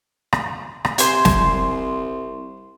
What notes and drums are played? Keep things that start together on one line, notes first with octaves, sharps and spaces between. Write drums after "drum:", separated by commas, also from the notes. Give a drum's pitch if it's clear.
drum: rim click
drum: rim click
C3 C5 G#5, drum: hi-hat
drum: snare
C2